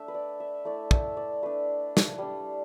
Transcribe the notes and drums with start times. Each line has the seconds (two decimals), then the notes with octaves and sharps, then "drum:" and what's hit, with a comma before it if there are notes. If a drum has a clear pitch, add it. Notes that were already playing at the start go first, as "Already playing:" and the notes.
Already playing: A3 D4 E5
0.08 B4
0.14 D5
0.40 E5
0.65 A3 E4 D5
0.91 E5, drum: kick
1.17 D5
1.43 A3 D4 B4
1.97 drum: snare
2.18 G3 D4